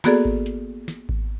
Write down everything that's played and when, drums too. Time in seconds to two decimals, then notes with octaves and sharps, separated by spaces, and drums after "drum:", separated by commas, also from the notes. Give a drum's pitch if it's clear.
0.04 A#3 B3 F#4 G#4 A4 D5, drum: snare
0.25 drum: kick G#1
0.46 drum: hi-hat
0.88 drum: snare
1.09 drum: kick G#1